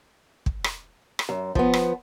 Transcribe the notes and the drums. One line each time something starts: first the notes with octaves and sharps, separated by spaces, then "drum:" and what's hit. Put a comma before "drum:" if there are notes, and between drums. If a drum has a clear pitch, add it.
drum: kick
drum: rim click
drum: rim click
F#2
F3 B3, drum: kick
drum: rim click